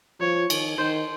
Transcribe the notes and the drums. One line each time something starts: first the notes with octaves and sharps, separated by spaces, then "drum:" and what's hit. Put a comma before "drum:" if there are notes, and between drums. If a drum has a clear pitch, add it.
F3 C#5
D#3, drum: cymbal
D#3 C5